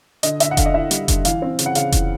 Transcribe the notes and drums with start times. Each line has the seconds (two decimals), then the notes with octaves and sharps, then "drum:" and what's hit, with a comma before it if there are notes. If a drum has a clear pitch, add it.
0.23 D3 D#5, drum: hi-hat
0.40 D3 E5, drum: hi-hat
0.51 F#5
0.57 D3 F5, drum: kick F1, hi-hat
0.66 D#5
0.74 E4 E5
0.91 G3, drum: hi-hat
1.08 D3, drum: kick F1, hi-hat
1.25 E3 F5, drum: hi-hat
1.42 C4
1.59 C#3, drum: hi-hat
1.66 F#5
1.75 C#3 F5, drum: hi-hat
1.92 E3, drum: kick F1, hi-hat